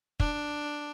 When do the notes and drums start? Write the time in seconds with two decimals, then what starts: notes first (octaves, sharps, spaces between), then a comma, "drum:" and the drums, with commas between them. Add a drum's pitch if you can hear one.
0.20 D4, drum: kick